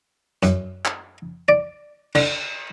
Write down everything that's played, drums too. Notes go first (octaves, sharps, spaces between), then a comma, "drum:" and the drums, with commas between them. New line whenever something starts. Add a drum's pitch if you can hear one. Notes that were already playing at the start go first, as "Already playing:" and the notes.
F#2, drum: hi-hat
drum: clap
D5
D3, drum: cymbal